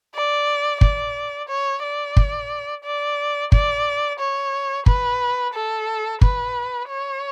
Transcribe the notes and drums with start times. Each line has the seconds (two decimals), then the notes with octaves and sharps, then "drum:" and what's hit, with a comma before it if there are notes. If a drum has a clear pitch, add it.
0.15 D5
0.81 D5, drum: kick
1.49 C#5
1.83 D5
2.17 drum: kick
2.84 D5
3.52 D5, drum: kick
4.19 C#5
4.86 B4, drum: kick
5.54 A4
6.21 B4, drum: kick
6.88 C#5